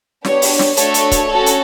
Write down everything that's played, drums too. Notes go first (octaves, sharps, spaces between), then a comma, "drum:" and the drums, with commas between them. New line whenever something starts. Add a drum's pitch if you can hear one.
B3 D4 G4 C#5, drum: snare
drum: open hi-hat
drum: snare
A3 D4 F#4 A4 C#5, drum: hi-hat
drum: hi-hat
drum: kick, hi-hat
C#4 F#4 A4
drum: hi-hat